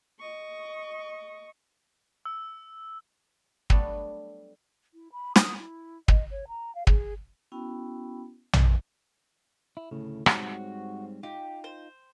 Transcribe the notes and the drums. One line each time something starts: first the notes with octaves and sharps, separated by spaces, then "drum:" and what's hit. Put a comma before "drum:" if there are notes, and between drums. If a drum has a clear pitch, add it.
D#5 C#6
E6
F#3 G3 A3 B3 D4, drum: kick
E4
B5
D#6, drum: snare
E4
D#5, drum: kick
C#5
A#5
F5
G#4, drum: kick
B3 C#4 E4 F#4 G5 B5
drum: tom A#1
E4
D2 A2 C#3
G#2 G3 C4 F#4 C#5, drum: rim click
D#4 F4 G4
C5